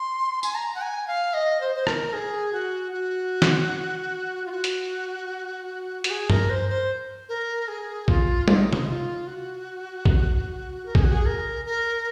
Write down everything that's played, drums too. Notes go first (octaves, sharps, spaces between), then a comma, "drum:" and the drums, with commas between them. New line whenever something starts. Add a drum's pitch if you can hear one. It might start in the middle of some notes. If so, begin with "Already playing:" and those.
Already playing: C6
G#5, drum: tambourine
A#5
F#5
G#5
F5
D#5
C5
C5
A#4, drum: rim click
G#4
F#4
F#4
drum: snare
F4
F#4
drum: hi-hat
F#4, drum: hi-hat
G#4
A#4, drum: tom G2
C5
C5
A#4
G#4
F4, drum: kick A#1
F4, drum: tom
D#4
D#4, drum: tom C3
D#4
F4
F#4
drum: kick A#1
A#4
G#4, drum: kick A#1
F#4
G#4
A#4
A#4